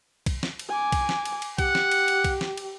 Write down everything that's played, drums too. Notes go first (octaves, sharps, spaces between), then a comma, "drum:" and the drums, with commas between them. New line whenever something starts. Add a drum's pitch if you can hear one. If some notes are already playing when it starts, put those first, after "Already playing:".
drum: kick, cymbal
drum: snare
drum: cymbal
G#5 D6
drum: kick, cymbal
drum: snare
drum: cymbal
drum: cymbal
G4 F#5, drum: kick, cymbal
drum: snare
drum: cymbal
drum: cymbal
drum: kick, cymbal
drum: snare
drum: cymbal